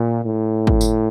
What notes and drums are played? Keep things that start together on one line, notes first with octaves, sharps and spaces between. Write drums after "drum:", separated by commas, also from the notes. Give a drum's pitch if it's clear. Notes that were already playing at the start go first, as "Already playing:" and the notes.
Already playing: A#2
A2
drum: kick
drum: tambourine